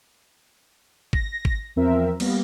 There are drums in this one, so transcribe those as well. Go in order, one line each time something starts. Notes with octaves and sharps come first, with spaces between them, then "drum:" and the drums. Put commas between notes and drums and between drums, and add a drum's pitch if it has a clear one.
A#6, drum: kick G#1
drum: kick G#1
E2 F3 C4 A#4 E5
G3 A#3 B3, drum: cymbal